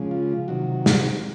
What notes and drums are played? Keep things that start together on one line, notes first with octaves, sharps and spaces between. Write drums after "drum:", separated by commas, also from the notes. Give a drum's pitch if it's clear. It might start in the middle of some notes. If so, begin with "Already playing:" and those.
Already playing: C#3 F3 G#3
F4
C3 D#3 F#3 F#4
drum: snare